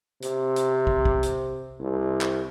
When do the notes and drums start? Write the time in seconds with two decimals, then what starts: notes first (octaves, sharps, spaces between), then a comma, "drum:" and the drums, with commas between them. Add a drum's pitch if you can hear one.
0.22 C3, drum: hi-hat
0.56 drum: hi-hat
0.87 drum: kick
1.05 drum: kick
1.23 drum: hi-hat
1.80 C2
2.21 drum: clap